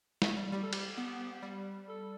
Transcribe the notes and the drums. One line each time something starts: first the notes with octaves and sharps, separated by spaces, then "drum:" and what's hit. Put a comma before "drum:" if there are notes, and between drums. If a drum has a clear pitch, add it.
A3, drum: snare
G3
G3 G4
A4
G4, drum: cymbal
B3
G3
A4